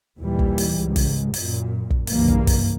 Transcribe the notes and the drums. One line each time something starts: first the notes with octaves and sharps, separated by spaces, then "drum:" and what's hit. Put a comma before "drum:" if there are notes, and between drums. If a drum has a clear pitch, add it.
D#2 A#2 E3 G3
drum: kick
drum: open hi-hat
C#2 G#2
drum: kick, open hi-hat
F#2 A#2, drum: open hi-hat
drum: kick
F#1 C2 G2 E3 A#3, drum: open hi-hat
drum: kick
drum: kick, open hi-hat